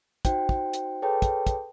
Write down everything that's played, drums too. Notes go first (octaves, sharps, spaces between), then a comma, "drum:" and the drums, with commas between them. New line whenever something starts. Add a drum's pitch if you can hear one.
D#4 F#4 C5 G5, drum: kick, hi-hat
drum: kick
drum: hi-hat
G#4 A4 B4 C#5 G5 A5
drum: kick, hi-hat
drum: kick, hi-hat